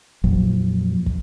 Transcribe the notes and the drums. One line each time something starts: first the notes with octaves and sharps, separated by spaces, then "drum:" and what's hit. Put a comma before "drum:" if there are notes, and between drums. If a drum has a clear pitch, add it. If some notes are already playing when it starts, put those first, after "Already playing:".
F2 A#2 F3 F#3, drum: kick
drum: kick